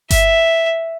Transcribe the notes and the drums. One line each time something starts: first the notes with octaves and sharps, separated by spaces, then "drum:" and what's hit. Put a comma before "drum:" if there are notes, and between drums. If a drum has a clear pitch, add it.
E5, drum: kick G1, hi-hat